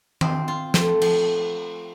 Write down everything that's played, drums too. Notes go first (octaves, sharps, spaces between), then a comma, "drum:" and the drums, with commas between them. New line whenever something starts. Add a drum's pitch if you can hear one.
C4, drum: tom D#3
F4
A3, drum: snare
F3, drum: cymbal